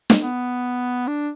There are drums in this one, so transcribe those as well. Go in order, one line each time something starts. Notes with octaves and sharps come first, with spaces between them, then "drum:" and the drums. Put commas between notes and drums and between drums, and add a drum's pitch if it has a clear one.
drum: snare
B3
D4